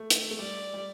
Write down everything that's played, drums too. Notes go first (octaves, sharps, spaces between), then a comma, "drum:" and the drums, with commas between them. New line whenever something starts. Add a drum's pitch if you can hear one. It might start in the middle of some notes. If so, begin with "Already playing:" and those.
Already playing: A3
drum: hi-hat
A3
G3 D5
G3